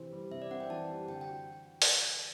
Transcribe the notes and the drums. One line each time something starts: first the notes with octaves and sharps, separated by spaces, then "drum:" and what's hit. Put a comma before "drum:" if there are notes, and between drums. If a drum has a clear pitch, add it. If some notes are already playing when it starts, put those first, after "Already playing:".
Already playing: C3 E3 C4
G3
C3 E5
D5
C4 F#5
G5
E3 A5
G3
D3 G5
G5
F#4
drum: open hi-hat